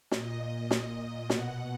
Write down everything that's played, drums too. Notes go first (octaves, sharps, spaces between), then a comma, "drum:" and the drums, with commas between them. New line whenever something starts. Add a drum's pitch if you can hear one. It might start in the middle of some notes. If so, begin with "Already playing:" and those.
A#2 D#5, drum: snare
drum: snare
B2 F#5, drum: snare